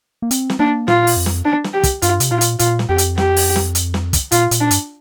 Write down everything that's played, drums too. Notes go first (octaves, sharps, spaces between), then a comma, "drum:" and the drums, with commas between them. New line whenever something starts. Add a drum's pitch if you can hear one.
A#3
C4, drum: hi-hat
drum: snare
A#3 D4
A#2 F4, drum: snare
drum: open hi-hat
F2
drum: snare
D4
drum: snare
G4
drum: kick, hi-hat
G2 F4, drum: hi-hat
C3, drum: hi-hat
A#2 F4
drum: hi-hat
A#2 F4, drum: hi-hat
drum: snare
F2 G4
drum: hi-hat
G4, drum: snare
drum: open hi-hat
drum: snare
drum: hi-hat
drum: snare
drum: kick, hi-hat
A#2 F4, drum: hi-hat
A#2, drum: hi-hat
D4
G2, drum: hi-hat